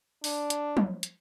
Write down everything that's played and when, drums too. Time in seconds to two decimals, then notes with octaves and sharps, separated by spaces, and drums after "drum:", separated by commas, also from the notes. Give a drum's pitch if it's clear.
0.24 D4, drum: open hi-hat
0.50 drum: hi-hat
0.77 drum: tom
1.03 drum: hi-hat